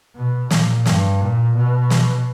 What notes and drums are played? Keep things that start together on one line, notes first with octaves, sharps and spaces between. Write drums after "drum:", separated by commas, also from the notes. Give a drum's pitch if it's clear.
B2
A#2, drum: snare
G2, drum: snare
A#2
B2
drum: snare